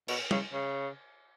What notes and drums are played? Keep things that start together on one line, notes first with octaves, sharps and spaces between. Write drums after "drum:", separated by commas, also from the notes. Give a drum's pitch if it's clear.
B2, drum: cymbal
C#3, drum: tom
C#3